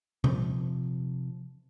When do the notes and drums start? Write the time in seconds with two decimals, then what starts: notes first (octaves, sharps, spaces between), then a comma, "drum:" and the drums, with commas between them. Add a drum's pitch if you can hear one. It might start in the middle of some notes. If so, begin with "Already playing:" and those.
0.24 C3 F3, drum: tom A#2